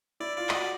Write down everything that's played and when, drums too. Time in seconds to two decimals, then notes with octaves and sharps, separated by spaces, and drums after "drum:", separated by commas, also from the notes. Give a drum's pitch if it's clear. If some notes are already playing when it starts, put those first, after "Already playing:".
0.20 E4 D5
0.37 F4 D5
0.49 D#5, drum: clap
0.55 F#4 D5